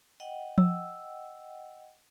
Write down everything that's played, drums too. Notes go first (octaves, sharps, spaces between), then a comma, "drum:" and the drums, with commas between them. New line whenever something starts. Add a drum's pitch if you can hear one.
D#5 F#5 G5
E6, drum: tom F3